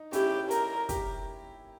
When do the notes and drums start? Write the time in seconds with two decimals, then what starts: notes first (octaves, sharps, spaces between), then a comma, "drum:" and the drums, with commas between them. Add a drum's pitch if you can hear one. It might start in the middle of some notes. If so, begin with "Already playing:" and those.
Already playing: D#4
0.13 C#4 E4 G4, drum: hi-hat
0.51 A#4, drum: hi-hat
0.89 G4, drum: kick, hi-hat